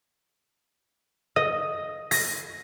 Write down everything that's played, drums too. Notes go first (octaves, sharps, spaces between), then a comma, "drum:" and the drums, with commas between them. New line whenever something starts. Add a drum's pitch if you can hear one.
D#5
A#6, drum: open hi-hat